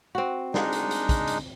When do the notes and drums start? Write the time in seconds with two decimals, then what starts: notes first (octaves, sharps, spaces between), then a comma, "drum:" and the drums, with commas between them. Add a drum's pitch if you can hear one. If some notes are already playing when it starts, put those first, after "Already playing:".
0.15 C4 F#4
0.54 G#3 D4 D#4, drum: snare
0.72 drum: hi-hat
0.91 drum: hi-hat
1.09 drum: kick, hi-hat
1.27 drum: hi-hat